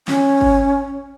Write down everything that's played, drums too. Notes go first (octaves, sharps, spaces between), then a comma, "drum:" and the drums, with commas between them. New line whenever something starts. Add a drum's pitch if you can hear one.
C#4, drum: snare
drum: kick G1